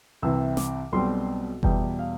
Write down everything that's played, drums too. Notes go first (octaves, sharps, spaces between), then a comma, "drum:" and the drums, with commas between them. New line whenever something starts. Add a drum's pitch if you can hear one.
C2 C3 E3 E6
D6, drum: snare
B1 B2 G3 C4 C6
E2 B2 G3 G5, drum: kick F#1
F5